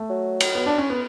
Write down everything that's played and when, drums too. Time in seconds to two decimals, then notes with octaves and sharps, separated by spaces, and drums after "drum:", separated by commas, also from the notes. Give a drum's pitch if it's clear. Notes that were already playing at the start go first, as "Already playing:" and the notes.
Already playing: A3
0.09 F#3
0.40 drum: cymbal
0.55 B3
0.66 D4
0.78 C#4
0.90 B3